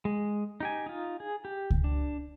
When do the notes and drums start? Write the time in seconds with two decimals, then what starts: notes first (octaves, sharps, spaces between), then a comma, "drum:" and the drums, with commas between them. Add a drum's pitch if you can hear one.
0.05 G#3
0.60 D#4 G4 G#5
0.86 D#4 F4
1.20 G#4
1.45 G4
1.70 drum: kick C#2
1.84 D4